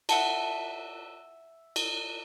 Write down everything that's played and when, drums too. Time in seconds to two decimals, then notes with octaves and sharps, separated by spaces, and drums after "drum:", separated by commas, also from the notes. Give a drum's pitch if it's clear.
0.09 E5 F#5 A5, drum: cymbal
1.76 drum: cymbal